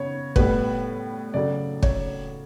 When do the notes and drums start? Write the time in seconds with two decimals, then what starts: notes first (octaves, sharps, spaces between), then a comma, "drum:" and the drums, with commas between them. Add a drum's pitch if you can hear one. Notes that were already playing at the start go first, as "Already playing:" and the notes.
Already playing: C#3 B3 C#5
0.36 A2 G3 B3 B4, drum: kick
1.34 C#3 F#3 A3 D5
1.83 C#5, drum: kick